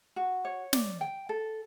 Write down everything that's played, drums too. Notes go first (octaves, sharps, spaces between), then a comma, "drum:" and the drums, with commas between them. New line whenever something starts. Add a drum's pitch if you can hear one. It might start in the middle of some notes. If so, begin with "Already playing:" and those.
F#4
C#5
D5, drum: snare
G5
A4